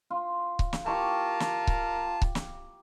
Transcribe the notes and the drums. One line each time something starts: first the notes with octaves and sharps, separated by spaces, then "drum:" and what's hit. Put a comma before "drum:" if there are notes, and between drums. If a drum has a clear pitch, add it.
F4
drum: kick C#1
drum: snare
F4 G4 A#4 A5 A#5 C#6
drum: snare
drum: kick C#1
drum: kick C#1
drum: snare